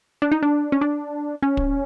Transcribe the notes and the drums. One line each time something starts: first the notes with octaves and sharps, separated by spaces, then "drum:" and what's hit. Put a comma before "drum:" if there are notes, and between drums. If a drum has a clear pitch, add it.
D4
D#4
D4
C#4
D4
C#4
drum: kick